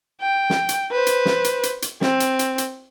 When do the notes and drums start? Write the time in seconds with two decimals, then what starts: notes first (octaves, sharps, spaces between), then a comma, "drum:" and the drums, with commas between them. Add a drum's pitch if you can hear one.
0.21 G5
0.50 drum: snare
0.69 drum: hi-hat
0.91 B4 C5
1.07 drum: hi-hat
1.25 drum: snare
1.44 drum: hi-hat
1.63 drum: hi-hat
1.82 drum: hi-hat
2.01 C4, drum: snare
2.20 drum: hi-hat
2.39 drum: hi-hat
2.58 drum: hi-hat